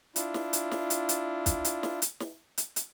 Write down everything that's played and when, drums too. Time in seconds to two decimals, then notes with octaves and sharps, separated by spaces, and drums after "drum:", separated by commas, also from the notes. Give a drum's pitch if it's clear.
0.16 D4 E4 F4, drum: hi-hat
0.34 drum: snare
0.53 drum: hi-hat
0.71 drum: snare
0.90 drum: hi-hat
1.09 drum: hi-hat
1.46 drum: kick, hi-hat
1.65 drum: hi-hat
1.83 drum: snare
2.02 drum: hi-hat
2.20 drum: snare
2.58 drum: hi-hat
2.76 drum: hi-hat